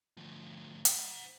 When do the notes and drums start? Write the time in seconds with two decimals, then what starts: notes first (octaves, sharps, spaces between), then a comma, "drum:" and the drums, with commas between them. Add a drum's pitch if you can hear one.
0.17 D2 F3
0.85 C5 F#5, drum: hi-hat